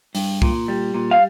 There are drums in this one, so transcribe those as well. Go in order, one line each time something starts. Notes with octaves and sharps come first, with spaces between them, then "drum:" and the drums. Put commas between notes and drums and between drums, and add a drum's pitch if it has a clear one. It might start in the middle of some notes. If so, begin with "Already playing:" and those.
G2, drum: open hi-hat
A#2, drum: kick C2
G3
A#2
F5